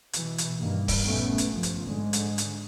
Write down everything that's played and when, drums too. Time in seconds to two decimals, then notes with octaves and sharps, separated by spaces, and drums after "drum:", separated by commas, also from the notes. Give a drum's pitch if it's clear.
0.13 B2 E3, drum: hi-hat
0.38 drum: hi-hat
0.58 G2 D#3 A#3
0.88 drum: kick, open hi-hat
1.04 A#1 A3 B3 C#4
1.38 drum: hi-hat
1.49 G1 F3
1.63 drum: hi-hat
1.83 G#2 D3 G#3
2.13 drum: hi-hat
2.38 drum: hi-hat